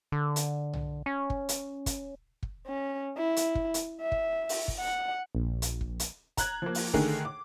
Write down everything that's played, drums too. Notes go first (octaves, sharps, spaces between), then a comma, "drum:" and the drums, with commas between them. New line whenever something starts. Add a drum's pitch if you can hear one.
D3
drum: hi-hat
drum: tom
C#4
drum: kick
drum: hi-hat
drum: kick, hi-hat
drum: kick
C#4
E4
drum: hi-hat
drum: kick
drum: hi-hat
E5
drum: kick
drum: open hi-hat
drum: kick
F#5
A#1
drum: hi-hat
drum: kick
drum: hi-hat
A#5 F#6 G#6, drum: kick, hi-hat
F3 A#3
drum: open hi-hat
D3 D#3 A3 G#4 A#4, drum: kick
D6